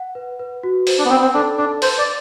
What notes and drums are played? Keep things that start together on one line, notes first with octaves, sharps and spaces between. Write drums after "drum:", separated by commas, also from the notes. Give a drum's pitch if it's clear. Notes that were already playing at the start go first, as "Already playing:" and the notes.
Already playing: F#5
B4
B4
F#4
C5, drum: open hi-hat
D4
B3
C4 B5
C4
D4 A4
D4 A5
B4 C5, drum: open hi-hat
D5